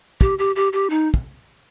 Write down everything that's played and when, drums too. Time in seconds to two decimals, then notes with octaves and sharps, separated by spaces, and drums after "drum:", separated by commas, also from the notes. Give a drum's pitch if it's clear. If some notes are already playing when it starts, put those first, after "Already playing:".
0.21 G4, drum: kick
0.39 G4
0.56 G4
0.73 G4
0.90 D#4
1.14 drum: kick